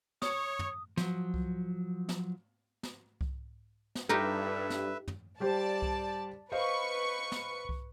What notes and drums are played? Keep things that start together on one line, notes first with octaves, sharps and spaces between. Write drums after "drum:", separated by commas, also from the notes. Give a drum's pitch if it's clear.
C#5 D#6, drum: snare
drum: tom
F3 F#3, drum: snare
drum: kick C2
drum: snare
drum: snare
drum: kick C2
drum: snare
G2 D#4 F4 G4 A4 B4 E5 A#5
drum: snare
drum: tom
G3 G4 C5 D5 A5
drum: kick C2
B4 C5 D#5 F5 C#6
drum: snare
drum: kick C2